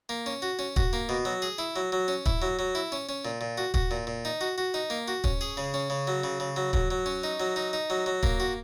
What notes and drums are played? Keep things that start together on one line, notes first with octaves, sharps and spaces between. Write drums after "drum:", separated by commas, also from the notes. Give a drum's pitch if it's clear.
A#3
C#4
F#4
C#4
F#4, drum: kick
A#3
B2
F#3
G#4
E4
F#3
F#3
C#4
E4, drum: kick
F#3
F#3
E4
C#4
C#4
A#2
A#2
F#4
F#4, drum: kick
A#2
A#2
D#4
F#4
F#4
D#4
A#3
F#4
C#4, drum: kick
G#4
C#3
C#4
C#3
F#3
C#3
C#3
F#3
F#3, drum: kick
F#3
C#4
D#4
F#3
D#4
D#4
F#3
F#3
A#3, drum: kick
F#4